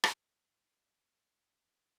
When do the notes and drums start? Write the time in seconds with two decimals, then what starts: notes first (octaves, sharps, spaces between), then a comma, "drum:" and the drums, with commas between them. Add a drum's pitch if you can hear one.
0.04 drum: rim click
0.13 F#4
0.43 F4
0.71 F4
1.02 C#4